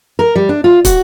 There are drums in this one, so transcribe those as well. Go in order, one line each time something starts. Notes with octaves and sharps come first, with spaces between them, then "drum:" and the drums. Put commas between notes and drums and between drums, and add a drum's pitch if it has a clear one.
A#4
G3
D4
F4
F#4, drum: kick, hi-hat